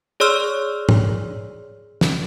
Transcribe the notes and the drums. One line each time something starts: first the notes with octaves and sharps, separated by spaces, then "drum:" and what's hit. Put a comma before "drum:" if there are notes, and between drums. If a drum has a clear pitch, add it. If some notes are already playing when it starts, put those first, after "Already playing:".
G#4 C#5 D5 C6 E6 F6
drum: tom
drum: snare